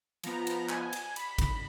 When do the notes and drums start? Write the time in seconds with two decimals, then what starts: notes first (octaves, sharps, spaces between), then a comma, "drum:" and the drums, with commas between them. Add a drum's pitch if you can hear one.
0.24 F3 B3 A#5, drum: cymbal
0.47 drum: cymbal
0.69 G#5, drum: clap
0.93 drum: cymbal
1.16 B5, drum: cymbal
1.38 drum: kick G#1, cymbal